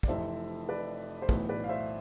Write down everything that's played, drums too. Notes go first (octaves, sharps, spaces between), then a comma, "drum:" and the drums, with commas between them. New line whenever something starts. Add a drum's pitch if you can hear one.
D5, drum: kick
F1 F2 C3 E3 C5 E5
B4 D5
C5
B1 A2 E3 B4, drum: kick
B4 D5
F5
C5 E5